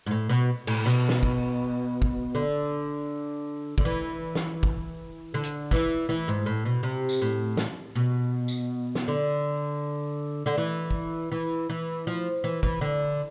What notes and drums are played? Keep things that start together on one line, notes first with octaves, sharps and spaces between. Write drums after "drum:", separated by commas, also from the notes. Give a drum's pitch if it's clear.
G#2
A2
B2
A2, drum: cymbal
B2
drum: snare
drum: kick
drum: kick
D3
D3, drum: kick
E3
drum: snare
drum: kick
D3
drum: hi-hat
E3, drum: kick
E3
G#2
A2
B2
C3
drum: tambourine
A2
drum: snare
B2
drum: tambourine
drum: snare
D3
D3
E3
drum: kick
E3
E3
F3
E3
E3, drum: kick
D3